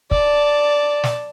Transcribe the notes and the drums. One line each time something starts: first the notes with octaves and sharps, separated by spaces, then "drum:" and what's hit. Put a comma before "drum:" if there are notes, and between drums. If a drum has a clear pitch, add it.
D5 A5, drum: kick
drum: snare